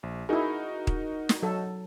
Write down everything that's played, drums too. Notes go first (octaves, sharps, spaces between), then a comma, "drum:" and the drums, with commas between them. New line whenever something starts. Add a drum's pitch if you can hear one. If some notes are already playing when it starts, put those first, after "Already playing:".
A#1
D#4 E4 F#4 G#4 A#4
drum: kick D#1
drum: snare
F#3 A4